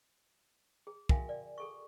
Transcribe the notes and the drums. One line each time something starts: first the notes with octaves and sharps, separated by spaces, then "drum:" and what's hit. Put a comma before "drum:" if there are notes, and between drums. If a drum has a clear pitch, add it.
G#4
F#4 A#4 E5 F5 G5 G#5, drum: kick
D5
G#4 A4 C#6